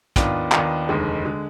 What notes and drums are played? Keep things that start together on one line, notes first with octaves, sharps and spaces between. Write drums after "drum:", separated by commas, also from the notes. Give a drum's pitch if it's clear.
D#2 D#3 B3 D4 F4, drum: kick, hi-hat
D#2 D#3 B3 D4 F4, drum: clap
F1 D#2 D3 G#3
D3 G#3